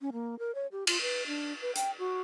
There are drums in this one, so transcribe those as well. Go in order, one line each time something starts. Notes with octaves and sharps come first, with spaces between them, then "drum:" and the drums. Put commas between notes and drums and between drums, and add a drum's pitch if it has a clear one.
C#4
A#3
A#4
C#5
G4
F4, drum: cymbal
B4
D4
B4
G5, drum: hi-hat
F#4